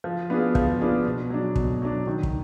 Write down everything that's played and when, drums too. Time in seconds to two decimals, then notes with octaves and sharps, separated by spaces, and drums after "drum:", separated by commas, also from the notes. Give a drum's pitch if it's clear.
0.04 F3
0.30 B3 D4 F4 G#4
0.55 F3, drum: kick
0.80 B3 D4 F4 G#4
1.06 B2
1.30 F#3 D4
1.56 B2, drum: kick
1.82 F#3 D4
2.07 D#3
2.23 drum: kick